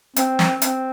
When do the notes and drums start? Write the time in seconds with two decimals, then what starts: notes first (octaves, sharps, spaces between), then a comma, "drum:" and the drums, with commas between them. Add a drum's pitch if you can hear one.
0.16 C4, drum: hi-hat
0.39 drum: snare
0.62 C4, drum: hi-hat